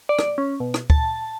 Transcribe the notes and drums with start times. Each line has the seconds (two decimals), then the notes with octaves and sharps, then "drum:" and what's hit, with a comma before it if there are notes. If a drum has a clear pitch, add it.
0.09 D5
0.19 drum: rim click
0.38 C#4
0.60 B2
0.74 drum: rim click
0.90 A5, drum: kick